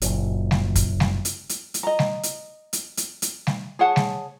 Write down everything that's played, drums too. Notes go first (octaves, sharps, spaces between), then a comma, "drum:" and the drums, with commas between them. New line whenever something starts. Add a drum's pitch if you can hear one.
F#1 F#2 A#2, drum: hi-hat
drum: snare G3
drum: kick, hi-hat
drum: snare G3
drum: hi-hat
drum: hi-hat
drum: hi-hat
D#5 A#5
drum: snare G3
drum: hi-hat
drum: hi-hat
drum: hi-hat
drum: hi-hat
drum: snare G3
G#4 C#5 F#5 A5
drum: snare G3